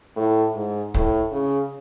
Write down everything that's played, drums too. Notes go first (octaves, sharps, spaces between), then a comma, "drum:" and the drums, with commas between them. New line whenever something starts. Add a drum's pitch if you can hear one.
A2
G#2
A2, drum: kick C#1
C#3